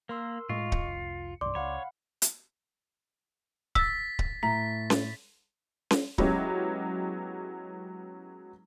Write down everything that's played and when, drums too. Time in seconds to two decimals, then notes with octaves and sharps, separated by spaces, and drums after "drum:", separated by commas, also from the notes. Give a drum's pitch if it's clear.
0.09 A#3 A#4 C6 E6
0.49 A2 G#3 F4 D#5 C#6
0.72 F1 C2 C#7, drum: kick D1
1.41 C2 G2 D5 C6 D6
1.55 C#2 C#5 F5 F#5 B5
2.22 drum: hi-hat
3.75 E6 A6 B6, drum: kick D1
4.19 drum: kick D1
4.43 A2 A#5 B6
4.90 drum: snare C#4
5.91 drum: snare C#4
6.18 F#3 G#3 B3 C#4 E4 G4, drum: kick D1